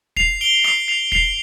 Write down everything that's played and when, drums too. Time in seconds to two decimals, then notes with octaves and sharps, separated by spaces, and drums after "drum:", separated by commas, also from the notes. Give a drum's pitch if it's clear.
0.17 C7 F7, drum: kick
0.41 D7 G7
0.64 C7 F7, drum: rim click
0.88 C7 F7
1.12 C7 F7, drum: kick